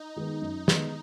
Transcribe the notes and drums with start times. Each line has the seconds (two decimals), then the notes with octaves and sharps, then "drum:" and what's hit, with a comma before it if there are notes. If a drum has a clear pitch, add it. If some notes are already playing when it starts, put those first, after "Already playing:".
Already playing: D#4
0.16 D#3 G#3 B3
0.42 F#2
0.68 D#3 G#3 B3, drum: snare